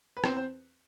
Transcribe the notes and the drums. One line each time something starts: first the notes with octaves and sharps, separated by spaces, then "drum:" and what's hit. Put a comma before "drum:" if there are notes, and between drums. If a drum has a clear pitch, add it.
B4
E2 C4 C5, drum: rim click
C5